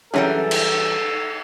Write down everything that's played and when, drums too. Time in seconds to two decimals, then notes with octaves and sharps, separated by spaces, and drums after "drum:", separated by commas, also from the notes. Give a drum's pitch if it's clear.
0.14 F#2 E3 F#3 G3 C#4 G#4 A4
0.51 drum: cymbal